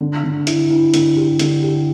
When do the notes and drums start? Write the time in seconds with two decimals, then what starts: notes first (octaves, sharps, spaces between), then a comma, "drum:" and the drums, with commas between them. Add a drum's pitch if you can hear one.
0.01 D3
0.24 D3
0.47 E4, drum: hi-hat
0.70 E4
0.94 D3, drum: hi-hat
1.16 G4
1.39 D3, drum: hi-hat
1.63 G4